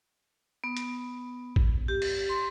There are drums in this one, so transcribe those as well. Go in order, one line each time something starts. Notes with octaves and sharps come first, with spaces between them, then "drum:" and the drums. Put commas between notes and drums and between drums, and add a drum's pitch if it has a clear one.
B3
drum: hi-hat
drum: kick
G4
drum: cymbal
C6